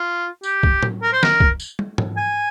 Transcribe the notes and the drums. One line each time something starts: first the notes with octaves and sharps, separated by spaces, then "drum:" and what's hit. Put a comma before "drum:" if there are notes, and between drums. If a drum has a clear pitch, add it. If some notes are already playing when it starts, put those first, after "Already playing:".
Already playing: F4
G4, drum: tambourine
drum: kick
drum: tom
A#4
C5
A#4, drum: snare
drum: kick
drum: tambourine
drum: tom
drum: tom G#2
G#5